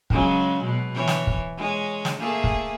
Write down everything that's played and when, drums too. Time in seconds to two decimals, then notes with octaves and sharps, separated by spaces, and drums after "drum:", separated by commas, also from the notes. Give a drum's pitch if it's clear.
0.10 C#3 F#3 G#3, drum: kick
0.64 B2
0.94 E3 C#5
1.07 drum: snare
1.27 drum: kick
1.58 G#3 C#5
2.05 drum: snare
2.19 A3 A#3 G#4
2.44 drum: kick